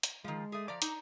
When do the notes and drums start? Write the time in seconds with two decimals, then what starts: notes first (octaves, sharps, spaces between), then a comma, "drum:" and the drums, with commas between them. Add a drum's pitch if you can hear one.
0.03 drum: hi-hat
0.24 D#3 F3 G#3
0.52 A3 G#4
0.68 F3 D5 A#5 D6
0.82 D#4, drum: hi-hat